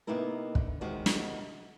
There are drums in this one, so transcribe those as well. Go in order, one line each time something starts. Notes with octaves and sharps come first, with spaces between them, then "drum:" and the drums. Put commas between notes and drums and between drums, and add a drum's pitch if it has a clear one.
C3 A#3 B3 D#4 E4 A#4
D3, drum: kick
E2 C3 D#3 G#3 F#4
drum: snare